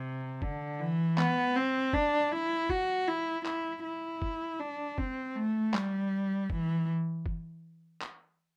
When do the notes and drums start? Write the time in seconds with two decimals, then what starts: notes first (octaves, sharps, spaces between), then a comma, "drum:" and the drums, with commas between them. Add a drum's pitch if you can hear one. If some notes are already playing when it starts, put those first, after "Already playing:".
Already playing: C3
0.42 D3, drum: kick F#1
0.79 E3
1.18 B3, drum: clap
1.56 C4
1.93 D4, drum: kick F#1
2.32 E4
2.69 F#4, drum: kick F#1
3.08 E4
3.46 E4, drum: clap
3.84 E4
4.22 drum: kick F#1
4.60 D4
4.98 C4, drum: kick F#1
5.36 A3
5.74 G3, drum: clap
6.50 E3, drum: kick F#1
7.26 drum: kick F#1
8.02 drum: clap